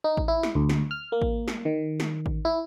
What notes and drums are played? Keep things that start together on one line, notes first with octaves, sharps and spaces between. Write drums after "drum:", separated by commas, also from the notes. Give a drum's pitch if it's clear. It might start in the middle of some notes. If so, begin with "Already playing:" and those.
D#4
drum: kick A1
E4
drum: snare
D2
drum: snare
F6
A#3
drum: kick A1
drum: snare
D#3
drum: snare
drum: kick A1
E4